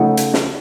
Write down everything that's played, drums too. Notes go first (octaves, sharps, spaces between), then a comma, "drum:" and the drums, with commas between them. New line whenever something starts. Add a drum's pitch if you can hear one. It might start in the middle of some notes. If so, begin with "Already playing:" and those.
Already playing: C#3 F3 A3 D#4 F#5
drum: hi-hat
drum: snare